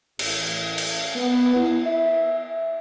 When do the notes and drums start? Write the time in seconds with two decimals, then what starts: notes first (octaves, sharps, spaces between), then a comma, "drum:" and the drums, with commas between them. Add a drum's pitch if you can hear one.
0.19 A1, drum: cymbal
0.78 drum: cymbal
1.15 B3
1.56 E4
1.86 E5